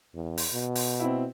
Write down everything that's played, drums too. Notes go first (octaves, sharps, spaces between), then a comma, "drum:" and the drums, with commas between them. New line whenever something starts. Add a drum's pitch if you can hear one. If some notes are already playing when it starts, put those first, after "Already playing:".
E2
drum: open hi-hat
B2
drum: open hi-hat
C4 E4